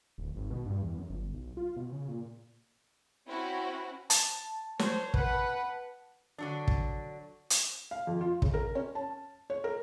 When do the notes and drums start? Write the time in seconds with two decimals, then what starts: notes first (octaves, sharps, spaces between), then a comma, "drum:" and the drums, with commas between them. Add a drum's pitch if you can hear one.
0.18 D1
0.36 G#1
0.50 B2
0.66 G2
0.82 E2
0.98 F#2
1.10 G1
1.33 B1
1.57 F4
1.77 B2
1.92 C#3
2.08 A#2
3.27 C4 C#4 E4 F#4
4.10 A5, drum: hi-hat
4.79 C5 C#5, drum: snare
5.14 B4 F#5, drum: kick
6.38 D3 F#3 D4
6.68 drum: kick
7.50 drum: hi-hat
7.91 F5
8.07 F2
8.21 F4
8.42 C#3, drum: kick
8.54 A#4
8.75 C#4
8.95 A5
9.50 C#5
9.64 A#4